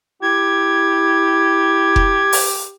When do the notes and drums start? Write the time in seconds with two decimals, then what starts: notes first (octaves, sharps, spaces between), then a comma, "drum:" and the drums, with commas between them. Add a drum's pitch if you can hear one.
0.22 E4 G4 G#6
1.96 drum: kick F1
2.33 drum: open hi-hat